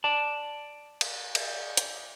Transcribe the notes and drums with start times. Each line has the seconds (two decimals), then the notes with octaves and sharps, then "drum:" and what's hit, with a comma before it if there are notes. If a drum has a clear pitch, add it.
0.04 D5 A5
1.01 drum: cymbal
1.35 drum: cymbal
1.77 drum: hi-hat